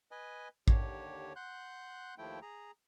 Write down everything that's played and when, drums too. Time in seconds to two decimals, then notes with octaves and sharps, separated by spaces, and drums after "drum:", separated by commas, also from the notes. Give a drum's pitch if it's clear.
0.11 B4 D#5 G#5
0.68 D#2 D3 G4 C#5, drum: kick A1
1.36 F#5 C6 F#6 G6
2.18 D#2 F3 A3 E4 G5
2.42 G#4 A#5